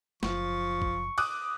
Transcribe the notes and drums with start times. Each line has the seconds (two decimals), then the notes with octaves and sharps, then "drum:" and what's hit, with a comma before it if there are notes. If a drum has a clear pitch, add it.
0.23 F#1 F3 C#6, drum: snare
0.82 drum: kick
1.18 D6 D#6 F#6, drum: cymbal